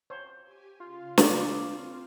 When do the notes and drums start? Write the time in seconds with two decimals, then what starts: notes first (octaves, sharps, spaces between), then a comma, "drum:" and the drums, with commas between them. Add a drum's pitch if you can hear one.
0.10 C5 C#5
0.44 G4 G#5
0.80 C#3 F4 F5
1.18 A#4 D5, drum: snare
1.66 C4 F5